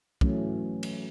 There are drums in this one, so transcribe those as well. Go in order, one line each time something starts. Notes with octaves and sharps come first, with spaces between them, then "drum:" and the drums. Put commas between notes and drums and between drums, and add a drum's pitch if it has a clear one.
E3 F#3 A3 C#4, drum: kick
drum: cymbal